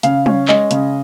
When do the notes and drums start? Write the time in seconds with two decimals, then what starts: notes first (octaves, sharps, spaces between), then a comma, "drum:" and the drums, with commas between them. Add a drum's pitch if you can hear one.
0.03 C#3 F5, drum: hi-hat
0.26 C#4, drum: tom
0.48 G#3 D#5, drum: clap
0.71 C#3, drum: hi-hat